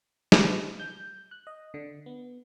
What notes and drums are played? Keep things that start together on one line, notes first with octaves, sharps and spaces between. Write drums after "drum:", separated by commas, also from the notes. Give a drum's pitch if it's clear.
drum: snare
G6
F#6
D#5
D3
B3